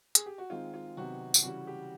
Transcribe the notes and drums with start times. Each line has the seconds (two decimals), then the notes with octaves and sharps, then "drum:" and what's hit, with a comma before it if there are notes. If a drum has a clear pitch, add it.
0.15 G#4, drum: hi-hat
0.26 G4
0.38 F#4
0.50 D#3 G#3 C4 F4
0.74 F4
0.97 C3 D#3 F#3 B3 F#4
1.34 drum: tambourine
1.43 C#3 E3 G3 F#4
1.67 G4